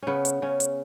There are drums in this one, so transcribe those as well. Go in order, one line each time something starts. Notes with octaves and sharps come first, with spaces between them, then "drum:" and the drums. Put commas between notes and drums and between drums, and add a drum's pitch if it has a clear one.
C#3 B3 C#4
drum: hi-hat
C#3 C#4
drum: hi-hat